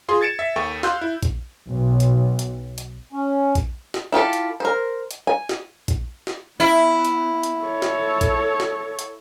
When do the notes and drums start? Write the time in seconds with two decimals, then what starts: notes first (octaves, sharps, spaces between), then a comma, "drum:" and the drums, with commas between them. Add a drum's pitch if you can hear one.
0.08 F4 G#4 C6
0.21 G#6 A6 C#7 D7 E7
0.39 E5
0.56 D#2 A4 G5 C#6
0.83 F5 C6 E6 F#6 G6, drum: snare
1.01 E4
1.23 drum: kick A#1, hi-hat
1.69 B1
2.00 drum: hi-hat
2.39 drum: hi-hat
2.78 drum: hi-hat
3.12 C#4
3.55 drum: kick A#1, hi-hat
3.94 drum: snare
4.12 E4 F4 G4 A4
4.33 drum: hi-hat
4.60 A#4 C5
5.11 drum: hi-hat
5.27 G#5
5.49 drum: snare
5.88 drum: kick A#1, hi-hat
6.27 drum: snare
6.60 B3 E4
7.05 drum: hi-hat
7.43 drum: hi-hat
7.63 A4 C#5
7.82 drum: snare
8.21 drum: kick A#1, hi-hat
8.60 drum: snare
8.99 drum: hi-hat